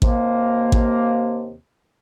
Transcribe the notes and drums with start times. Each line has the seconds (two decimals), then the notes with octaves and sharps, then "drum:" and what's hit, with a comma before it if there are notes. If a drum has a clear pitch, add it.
0.02 D#2 C3 A#3, drum: kick A1
0.72 drum: kick A1